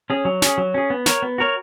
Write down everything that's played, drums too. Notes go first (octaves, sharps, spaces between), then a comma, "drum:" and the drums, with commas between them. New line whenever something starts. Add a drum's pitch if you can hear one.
C#4 G#4
F#3
C#4 G#4, drum: snare
F#3
C#4 G#4
B3
F#4 A#4 C#5, drum: snare
B3
F#4 A#4 C#5